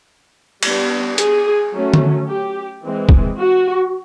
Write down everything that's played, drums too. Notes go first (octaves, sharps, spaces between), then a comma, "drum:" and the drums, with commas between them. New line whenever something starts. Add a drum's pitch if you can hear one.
G3 B3 D4, drum: cymbal
G#4, drum: hi-hat
F#3 A3 C#4
drum: tom D3
G4
E3 G#3 C4
drum: kick
F#4